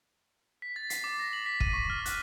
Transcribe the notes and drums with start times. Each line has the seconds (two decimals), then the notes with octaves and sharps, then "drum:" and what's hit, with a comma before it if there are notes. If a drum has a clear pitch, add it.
0.62 B6
0.76 A6
0.90 C7, drum: hi-hat
1.04 D6
1.19 A#6
1.33 F#7
1.46 B6
1.60 D#7, drum: kick
1.73 C#6
1.90 F6
2.06 F#6, drum: hi-hat